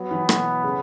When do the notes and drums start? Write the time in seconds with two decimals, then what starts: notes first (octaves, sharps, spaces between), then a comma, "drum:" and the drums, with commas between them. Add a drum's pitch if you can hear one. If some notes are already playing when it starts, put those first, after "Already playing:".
Already playing: F#3 B3
0.11 E3
0.29 B2, drum: rim click
0.64 C#3